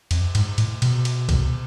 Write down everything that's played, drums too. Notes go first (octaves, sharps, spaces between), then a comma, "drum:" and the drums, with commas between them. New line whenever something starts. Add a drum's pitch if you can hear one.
F2, drum: cymbal
G#2, drum: cymbal
A2, drum: cymbal
B2, drum: cymbal
drum: cymbal
drum: kick B1, cymbal